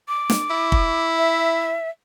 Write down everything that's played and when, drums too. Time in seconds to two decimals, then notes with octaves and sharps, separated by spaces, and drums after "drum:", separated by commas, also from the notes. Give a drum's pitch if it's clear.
0.08 D6
0.30 drum: snare
0.50 E4
0.72 drum: kick
1.18 E5